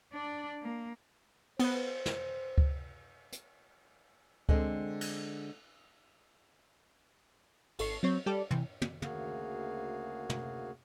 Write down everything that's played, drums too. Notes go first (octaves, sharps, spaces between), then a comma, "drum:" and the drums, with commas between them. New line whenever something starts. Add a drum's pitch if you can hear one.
D4 D5
A#3
B3 B4 C5, drum: cymbal
drum: snare
drum: kick C#2
drum: hi-hat
D3 G#3 C4, drum: kick C#2
drum: cymbal
G#1 A4 C#6 C7, drum: cymbal
F#3 C4 C#5
G3 G4 A4 D5
C3 E3, drum: tom
drum: tom
D2 C#3 A#3 F#4 G#4 F5, drum: tom
drum: tom